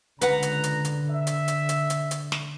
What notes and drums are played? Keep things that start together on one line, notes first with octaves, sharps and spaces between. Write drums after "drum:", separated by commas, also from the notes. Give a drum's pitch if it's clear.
C#2 D3 B4 F#5 A#5, drum: hi-hat
drum: hi-hat
drum: hi-hat
drum: hi-hat
E5
drum: hi-hat
drum: hi-hat
drum: hi-hat
drum: hi-hat
drum: hi-hat
drum: snare